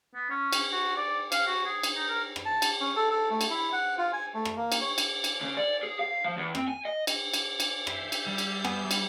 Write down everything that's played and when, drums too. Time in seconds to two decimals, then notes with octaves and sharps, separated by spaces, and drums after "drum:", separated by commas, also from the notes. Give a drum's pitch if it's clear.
0.15 B3
0.30 C#4
0.53 drum: cymbal
0.72 F#4
0.97 D5
1.32 F5, drum: cymbal
1.47 F#4
1.65 G#4
1.83 drum: cymbal
1.96 D#4
2.08 A#4
2.36 drum: rim click
2.45 A5
2.62 drum: cymbal
2.80 C#4
2.96 A4
3.11 A4
3.30 A3
3.41 drum: cymbal
3.50 E4
3.72 F#5
3.98 F4
4.13 G#5
4.34 A3
4.45 drum: rim click
4.56 A#3
4.72 drum: cymbal
4.81 C#5
4.98 drum: cymbal
5.24 drum: cymbal
5.41 C#3
5.57 D5
5.83 G#4
5.99 F5
6.24 F3
6.37 E2
6.55 C4, drum: rim click
6.68 G#5
6.85 D#5
7.07 drum: cymbal
7.34 drum: cymbal
7.60 drum: cymbal
7.87 E5 G6 C7, drum: rim click
8.12 drum: cymbal
8.27 G3
8.38 drum: cymbal
8.65 B3 G#5, drum: rim click
8.91 drum: cymbal